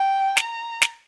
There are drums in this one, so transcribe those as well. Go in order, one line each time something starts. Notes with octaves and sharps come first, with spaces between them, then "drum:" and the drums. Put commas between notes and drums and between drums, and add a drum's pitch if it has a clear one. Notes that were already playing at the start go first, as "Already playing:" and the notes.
Already playing: G5
A#5, drum: snare
drum: snare